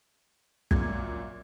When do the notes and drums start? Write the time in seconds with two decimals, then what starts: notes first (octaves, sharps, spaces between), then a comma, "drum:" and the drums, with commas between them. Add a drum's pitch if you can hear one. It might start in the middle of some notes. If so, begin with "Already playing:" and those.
0.71 F#2 A#2 G#6, drum: kick